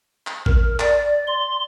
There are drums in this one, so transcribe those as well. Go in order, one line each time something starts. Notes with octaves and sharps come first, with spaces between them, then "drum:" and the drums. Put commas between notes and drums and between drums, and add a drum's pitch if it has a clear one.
drum: clap
A#4, drum: kick A1
D5, drum: clap
C6